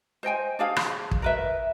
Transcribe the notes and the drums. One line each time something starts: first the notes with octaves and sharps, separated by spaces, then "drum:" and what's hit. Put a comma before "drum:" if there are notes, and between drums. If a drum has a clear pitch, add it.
C5 D#5 G5 G#5
D4 G#4 F5
drum: rim click
drum: kick
A#4 B4 E5